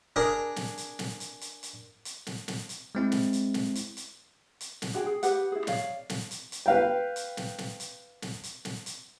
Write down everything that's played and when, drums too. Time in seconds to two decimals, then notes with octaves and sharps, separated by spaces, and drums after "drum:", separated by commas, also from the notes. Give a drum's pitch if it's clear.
0.16 D4 G#4 A#4
0.56 drum: snare
0.78 drum: hi-hat
0.99 drum: snare
1.20 drum: hi-hat
1.41 drum: hi-hat
1.63 drum: hi-hat
2.05 drum: hi-hat
2.27 drum: snare
2.48 drum: snare
2.69 drum: hi-hat
2.95 G#3 C4 E4
3.12 drum: snare
3.33 drum: hi-hat
3.54 drum: snare
3.75 drum: hi-hat
3.97 drum: hi-hat
4.61 drum: hi-hat
4.82 drum: snare
4.94 D4 F#4 G#4 G5
5.06 G#4
5.23 G4 B4 F#5, drum: hi-hat
5.52 E4 G#4
5.67 C#5 D5 F5, drum: snare
6.09 drum: snare
6.31 drum: hi-hat
6.52 drum: hi-hat
6.66 B4 F5 G5
7.16 drum: hi-hat
7.37 drum: snare
7.58 drum: snare
7.80 drum: hi-hat
8.22 drum: snare
8.44 drum: hi-hat
8.65 drum: snare
8.86 drum: hi-hat